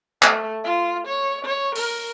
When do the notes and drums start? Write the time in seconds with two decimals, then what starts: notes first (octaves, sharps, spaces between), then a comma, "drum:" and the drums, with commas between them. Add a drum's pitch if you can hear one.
0.23 A3, drum: clap
0.64 F4
1.07 C#5
1.45 C#5
1.75 A#4, drum: open hi-hat